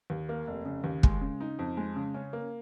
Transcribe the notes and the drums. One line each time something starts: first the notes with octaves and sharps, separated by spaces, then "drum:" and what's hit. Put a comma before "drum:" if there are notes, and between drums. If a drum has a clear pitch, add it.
D#2
A#3
F1
C#3
D#2
G#3, drum: kick
C#3
D#4
F2
G#3
C#3
C#4
A#3